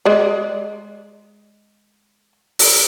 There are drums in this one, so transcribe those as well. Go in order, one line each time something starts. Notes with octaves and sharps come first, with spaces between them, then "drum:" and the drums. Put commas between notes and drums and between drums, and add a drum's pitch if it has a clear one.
G#3 D5
drum: open hi-hat